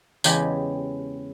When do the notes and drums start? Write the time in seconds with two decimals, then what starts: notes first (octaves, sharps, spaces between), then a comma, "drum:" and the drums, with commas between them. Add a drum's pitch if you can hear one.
0.24 E2 C#3 G#3 G4, drum: tambourine